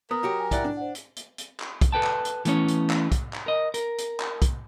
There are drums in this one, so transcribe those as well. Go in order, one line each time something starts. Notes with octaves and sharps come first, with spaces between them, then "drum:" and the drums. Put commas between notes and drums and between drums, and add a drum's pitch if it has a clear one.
B3 A#4 D#6
F#3 F#4 G4
G#5
E4 D5 F#5, drum: kick B1, hi-hat
D4
C5 D5 F#5
drum: hi-hat
drum: hi-hat
drum: hi-hat
drum: clap
drum: kick B1, hi-hat
A4 B4 G5 A5
drum: clap
drum: hi-hat
E3 A3 B3 C#4 C#5, drum: hi-hat
drum: hi-hat
drum: clap
drum: kick B1, hi-hat
drum: clap
A#4 D#5
A#4, drum: hi-hat
drum: hi-hat
drum: clap
drum: kick B1, hi-hat